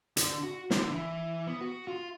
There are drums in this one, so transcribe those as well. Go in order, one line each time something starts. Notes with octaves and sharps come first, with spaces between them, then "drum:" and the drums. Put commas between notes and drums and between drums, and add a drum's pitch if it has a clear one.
D3, drum: hi-hat
F#4
D3, drum: snare
E3
B3
F#4
F4